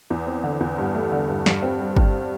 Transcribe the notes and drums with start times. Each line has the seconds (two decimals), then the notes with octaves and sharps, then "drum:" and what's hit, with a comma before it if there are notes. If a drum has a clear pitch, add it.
0.10 E2
0.27 C4
0.44 D3
0.60 E2
0.78 G2
0.95 A3
1.12 D3
1.28 G2
1.46 G2, drum: snare
1.62 C4
1.80 G3
1.96 G2, drum: kick G1